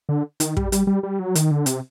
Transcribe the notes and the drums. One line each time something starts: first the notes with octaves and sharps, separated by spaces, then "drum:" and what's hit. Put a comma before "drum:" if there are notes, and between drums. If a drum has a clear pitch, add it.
D3
D#3, drum: hi-hat
G3, drum: kick
G3, drum: hi-hat
G3
G3
F#3
D#3, drum: hi-hat
D3
C3, drum: hi-hat